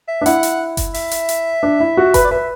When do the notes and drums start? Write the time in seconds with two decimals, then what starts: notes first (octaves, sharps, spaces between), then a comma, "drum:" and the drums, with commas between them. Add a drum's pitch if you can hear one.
0.08 E5
0.21 D4
0.26 E4 F#5, drum: hi-hat
0.43 drum: hi-hat
0.77 drum: kick F#1, hi-hat
0.94 E5, drum: open hi-hat
1.11 drum: hi-hat
1.29 drum: hi-hat
1.63 D4
1.80 E4
1.97 F#4
2.14 B4, drum: kick F#1, hi-hat
2.25 D5
2.31 B4 E5